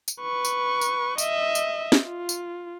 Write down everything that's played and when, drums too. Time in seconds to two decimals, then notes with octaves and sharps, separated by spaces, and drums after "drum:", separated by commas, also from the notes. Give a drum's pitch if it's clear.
0.08 drum: tambourine
0.22 B4 C#6
0.45 drum: tambourine
0.81 drum: tambourine
1.18 D#5 E5, drum: tambourine
1.55 drum: tambourine
1.92 drum: snare
2.05 F4
2.29 drum: tambourine